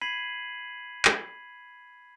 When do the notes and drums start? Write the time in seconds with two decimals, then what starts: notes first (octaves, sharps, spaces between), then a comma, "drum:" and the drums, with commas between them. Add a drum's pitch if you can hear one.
0.02 B5 G#6 B6 C7 D#7 F#7
1.05 drum: clap